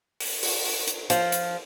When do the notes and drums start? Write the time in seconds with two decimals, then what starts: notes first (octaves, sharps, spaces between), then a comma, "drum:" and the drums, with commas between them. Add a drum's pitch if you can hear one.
0.20 drum: open hi-hat
0.43 drum: open hi-hat
0.65 drum: open hi-hat
0.88 drum: hi-hat
1.10 F3, drum: hi-hat
1.32 drum: hi-hat